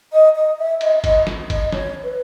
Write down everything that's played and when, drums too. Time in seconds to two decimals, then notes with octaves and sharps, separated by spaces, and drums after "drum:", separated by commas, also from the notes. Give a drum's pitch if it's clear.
0.12 D#5
0.35 D#5
0.58 E5
0.81 D#5, drum: cymbal
1.04 D#5, drum: kick G1, cymbal
1.27 drum: snare
1.50 D#5, drum: kick G1, cymbal
1.72 C#5, drum: snare
2.03 B4